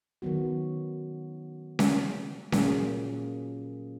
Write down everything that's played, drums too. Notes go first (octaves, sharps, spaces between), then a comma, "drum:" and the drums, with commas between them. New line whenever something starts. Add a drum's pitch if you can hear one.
D#3 F#3 B3 F#4
drum: snare C#4
A#2 F#3 A#3 C#4 G#4, drum: snare C#4